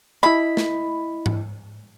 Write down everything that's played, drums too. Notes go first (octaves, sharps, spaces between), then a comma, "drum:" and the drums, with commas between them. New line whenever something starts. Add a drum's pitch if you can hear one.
E4 D#5 B5
drum: snare
drum: tom G#2